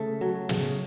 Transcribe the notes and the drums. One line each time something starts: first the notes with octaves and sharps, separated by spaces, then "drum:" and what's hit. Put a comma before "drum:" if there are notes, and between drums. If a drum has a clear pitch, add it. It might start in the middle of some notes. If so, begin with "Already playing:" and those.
Already playing: C#3 A3
F#3
C#3, drum: snare